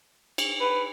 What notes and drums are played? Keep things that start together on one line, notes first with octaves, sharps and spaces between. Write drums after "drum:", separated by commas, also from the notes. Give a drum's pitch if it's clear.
drum: cymbal
B4